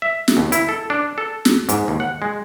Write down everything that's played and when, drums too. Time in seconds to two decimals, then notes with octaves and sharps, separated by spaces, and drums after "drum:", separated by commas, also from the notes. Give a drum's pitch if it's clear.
0.02 E5
0.28 drum: snare
0.37 D#2
0.52 E4, drum: hi-hat
0.69 A4
0.90 D4
1.18 A4
1.45 drum: snare
1.69 G#2, drum: hi-hat
1.88 D#2
2.00 F#5
2.22 G#3